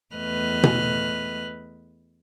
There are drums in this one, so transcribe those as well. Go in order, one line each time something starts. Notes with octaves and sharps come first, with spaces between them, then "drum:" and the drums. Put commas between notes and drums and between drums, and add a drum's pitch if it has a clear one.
E2 A3 B4 D#5 F6 F#6
drum: tom B2